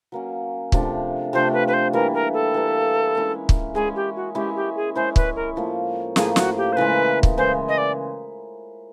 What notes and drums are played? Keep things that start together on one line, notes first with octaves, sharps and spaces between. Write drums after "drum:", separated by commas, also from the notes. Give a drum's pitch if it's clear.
F#3 A#3 C#4
C3 F3 A3 D4, drum: kick
C3 F3 A3 D4 C5
B4
B4
C5
E3 G3 A#3 A#4
A#4
A4
E3 G3 A#3
G#3 C#4 E4
drum: kick
G#3 C#4 E4 G#4
G4
F#4
G#3 C#4 E4 G4
G4
G#4
G#3 C#4 E4 C5
B4, drum: kick
A#4
A2 F3 A#3
A2 F3 A#3 G#4, drum: snare
F#4, drum: snare
G4
C5
C#3 E3 G#3 B4
drum: kick
C#3 E3 G#3 C5
D#5
D5